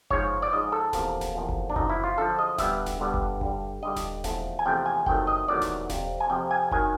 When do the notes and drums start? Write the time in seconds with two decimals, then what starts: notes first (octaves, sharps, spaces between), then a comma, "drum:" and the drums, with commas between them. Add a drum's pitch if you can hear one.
0.10 G#2 F3 G#3 C#5, drum: kick F#1
0.42 D5
0.53 G#2 F3 G#3 D#5
0.72 A4
0.93 E2 C3 F3 A#3, drum: snare D#1
1.21 drum: snare D#1
1.35 E2 C3 F3 A#3
1.49 drum: kick F#1
1.70 D4
1.76 F#2 D3 F3 D#4, drum: kick F#1
1.89 E4
2.04 F4
2.17 F#2 D3 F3 A4
2.39 D#5
2.58 G2 D3 G3 B3 E5, drum: snare D#1
2.86 drum: snare D#1
3.00 G2 D3 G3 B3
3.14 drum: kick F#1
3.41 G2 D3 G3, drum: kick F#1
3.83 G2 D3 G3 D#5
3.96 drum: snare D#1
4.24 E2 C3 F3 A3, drum: snare D#1
4.59 G#5
4.66 E2 C3 F3 A3 G5
4.86 G#5
5.06 E2 C3 D#3 F#3 A3 G5, drum: kick F#1
5.27 D#5
5.48 E2 C3 D#3 F#3 A3 D5
5.62 drum: snare D#1
5.90 F2 C3 F3, drum: snare D#1
6.20 G#5
6.30 F2 C3 F3 G5
6.51 G#5
6.71 D#3 F#3 G#5, drum: kick F#1